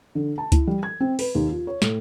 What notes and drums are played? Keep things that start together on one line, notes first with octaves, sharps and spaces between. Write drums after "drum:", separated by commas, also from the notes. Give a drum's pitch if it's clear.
D3
A5
E4, drum: kick C#2, hi-hat
G3
G#6
C4
B4, drum: open hi-hat
D#2
F4
C#5
A2, drum: snare